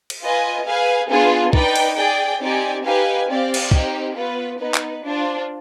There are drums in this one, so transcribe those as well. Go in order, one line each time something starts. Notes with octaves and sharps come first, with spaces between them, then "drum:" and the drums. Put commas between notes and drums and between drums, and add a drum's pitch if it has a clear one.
drum: cymbal
F4 B4 D#5 G#5
G#4 B4 F5 G#5
B3 D4 F4 G#4
D#4 B4 D5 G5, drum: kick
drum: cymbal
G#4 D5 G5
C4 D#4 G4 D5 G#5
D#4 G4 B4 F5 G#5
C4 G4 D5 F5
drum: cymbal
C4 D#4 G4, drum: kick
B3 F4 B4
B3 D#4 B4
drum: clap
D4 F4 C5